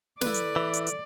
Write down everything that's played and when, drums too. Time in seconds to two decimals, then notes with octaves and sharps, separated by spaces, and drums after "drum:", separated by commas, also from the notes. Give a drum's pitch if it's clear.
0.21 E4 A4 B4 D5, drum: snare
0.34 drum: hi-hat
0.56 E3
0.74 drum: hi-hat
0.87 drum: hi-hat